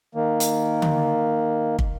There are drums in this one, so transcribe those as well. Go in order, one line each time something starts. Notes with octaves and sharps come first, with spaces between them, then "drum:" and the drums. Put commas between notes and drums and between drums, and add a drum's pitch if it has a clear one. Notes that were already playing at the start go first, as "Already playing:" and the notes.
D#3 A#3
drum: hi-hat
drum: tom D3
drum: kick